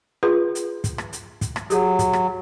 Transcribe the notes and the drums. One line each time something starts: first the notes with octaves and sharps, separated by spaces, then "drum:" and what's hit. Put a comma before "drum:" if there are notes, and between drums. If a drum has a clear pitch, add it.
F4 G#4 B4
drum: hi-hat
drum: kick, hi-hat
drum: rim click
drum: hi-hat
drum: kick, hi-hat
drum: rim click
F#3 G4 G#4, drum: hi-hat
drum: kick, hi-hat
drum: rim click